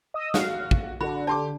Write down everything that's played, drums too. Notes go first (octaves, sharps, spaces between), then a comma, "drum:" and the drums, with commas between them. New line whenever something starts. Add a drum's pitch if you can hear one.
D#5 D#6 E6
F#4 F5, drum: snare
drum: kick
D3 F#4 B5
G4 D5 A5 C6 D6